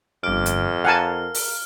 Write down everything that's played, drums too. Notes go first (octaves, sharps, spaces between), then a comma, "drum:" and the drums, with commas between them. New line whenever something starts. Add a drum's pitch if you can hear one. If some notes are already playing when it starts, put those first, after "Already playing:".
G1 F2 D6 F6
drum: hi-hat
A#4 F5 F#5 G#5 A5
drum: open hi-hat